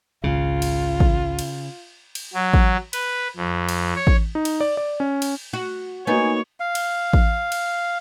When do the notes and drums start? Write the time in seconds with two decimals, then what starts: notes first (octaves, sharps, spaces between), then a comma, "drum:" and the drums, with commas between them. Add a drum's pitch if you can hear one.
0.24 G#1 C#2 C#3 F4
0.62 drum: cymbal
1.00 drum: kick A1
1.39 drum: cymbal
2.15 drum: cymbal
2.34 F#3
2.54 drum: kick A1
2.93 B4, drum: cymbal
3.37 F2
3.69 drum: cymbal
3.96 C#5
4.07 drum: kick A1
4.35 D#4
4.45 drum: cymbal
4.61 D5
4.77 D5
5.00 C#4
5.22 drum: cymbal
5.53 F#4
6.07 A#3 B3 D#4 F#4 C#5 G#5
6.60 F5
6.75 drum: cymbal
7.13 drum: kick A1
7.52 drum: cymbal